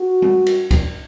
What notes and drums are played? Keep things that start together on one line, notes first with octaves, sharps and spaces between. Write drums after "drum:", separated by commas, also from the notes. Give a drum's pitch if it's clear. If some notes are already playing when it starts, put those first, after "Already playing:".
Already playing: F#4
drum: tom G3
drum: cymbal
drum: kick, cymbal